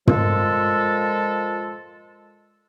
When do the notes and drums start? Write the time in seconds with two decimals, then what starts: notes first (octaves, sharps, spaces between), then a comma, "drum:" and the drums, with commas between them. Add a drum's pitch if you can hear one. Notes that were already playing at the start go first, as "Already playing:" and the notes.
0.07 A#2 F3 G#3 F4 A4, drum: tom